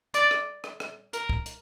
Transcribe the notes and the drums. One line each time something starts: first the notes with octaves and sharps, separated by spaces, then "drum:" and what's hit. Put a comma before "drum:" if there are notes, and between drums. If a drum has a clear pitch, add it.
D5, drum: hi-hat
drum: rim click
drum: rim click
drum: rim click
A#4, drum: hi-hat
drum: kick
drum: hi-hat